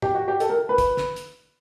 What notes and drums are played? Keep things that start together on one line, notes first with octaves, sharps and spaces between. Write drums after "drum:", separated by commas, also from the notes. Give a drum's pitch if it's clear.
G4, drum: tom G#2
F#4
G4
A4, drum: hi-hat
A#4
B4
drum: kick, hi-hat
drum: snare
drum: hi-hat